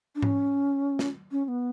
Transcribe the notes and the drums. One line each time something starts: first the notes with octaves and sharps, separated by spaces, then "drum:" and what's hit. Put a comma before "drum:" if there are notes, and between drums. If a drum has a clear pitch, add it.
D4
C#4, drum: tom G#2
drum: snare
C#4
C#4
B3